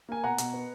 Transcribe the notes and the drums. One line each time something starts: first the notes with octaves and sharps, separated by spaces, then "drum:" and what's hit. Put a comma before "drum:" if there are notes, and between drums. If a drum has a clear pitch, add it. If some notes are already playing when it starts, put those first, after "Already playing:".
A#3 G#5
B2 F#5 A#5
B2, drum: hi-hat
B3